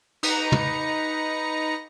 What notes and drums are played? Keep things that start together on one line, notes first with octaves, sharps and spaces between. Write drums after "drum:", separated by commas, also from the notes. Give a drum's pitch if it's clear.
D#4 B4 A#5 C#7, drum: cymbal
drum: tom